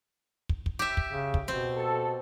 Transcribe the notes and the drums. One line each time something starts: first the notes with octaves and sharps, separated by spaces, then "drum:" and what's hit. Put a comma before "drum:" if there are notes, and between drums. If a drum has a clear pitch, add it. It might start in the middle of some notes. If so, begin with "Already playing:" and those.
drum: kick
drum: kick
G4 E5
drum: kick
C#3
drum: kick
B2 C4
A4